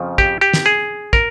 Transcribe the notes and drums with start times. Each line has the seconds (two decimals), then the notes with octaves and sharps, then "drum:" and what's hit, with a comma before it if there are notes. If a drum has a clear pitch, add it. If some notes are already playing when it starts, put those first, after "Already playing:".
Already playing: F2 C#3 F3
0.18 G4, drum: kick
0.41 G4
0.54 drum: snare
0.66 G#4
1.13 A#4, drum: kick